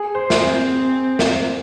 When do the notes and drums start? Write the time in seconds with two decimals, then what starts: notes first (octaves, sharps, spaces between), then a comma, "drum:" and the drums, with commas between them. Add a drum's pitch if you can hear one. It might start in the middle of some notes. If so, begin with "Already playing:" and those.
Already playing: G#4
0.15 C5
0.30 drum: snare
0.40 C4
1.19 drum: snare